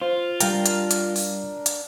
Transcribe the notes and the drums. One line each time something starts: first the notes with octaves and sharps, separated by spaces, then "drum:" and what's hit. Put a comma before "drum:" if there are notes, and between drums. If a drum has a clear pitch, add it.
F4 C5
G3 D4 A#4 F5 G5, drum: hi-hat
drum: hi-hat
drum: hi-hat
drum: open hi-hat
drum: hi-hat